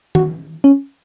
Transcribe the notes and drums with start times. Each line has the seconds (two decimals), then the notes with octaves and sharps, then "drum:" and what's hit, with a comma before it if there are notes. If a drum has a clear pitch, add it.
0.15 F#4, drum: tom D#3
0.64 C#4